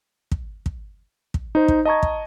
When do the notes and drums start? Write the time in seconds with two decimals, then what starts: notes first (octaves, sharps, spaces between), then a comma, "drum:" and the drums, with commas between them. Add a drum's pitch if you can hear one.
0.31 drum: kick
0.66 drum: kick
1.34 drum: kick
1.55 D#4 C5
1.68 drum: kick
1.85 D#5 A5 A#5 C#6 G#6
2.03 drum: kick